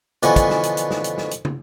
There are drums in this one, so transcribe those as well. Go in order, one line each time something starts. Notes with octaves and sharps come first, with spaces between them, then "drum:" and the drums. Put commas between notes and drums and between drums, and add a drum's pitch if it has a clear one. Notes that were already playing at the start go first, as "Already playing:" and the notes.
B2 D3 E3 F3 B3 C#4, drum: hi-hat
drum: kick, hi-hat
drum: snare
drum: hi-hat
drum: hi-hat
drum: snare
drum: hi-hat
drum: snare
drum: hi-hat
drum: tom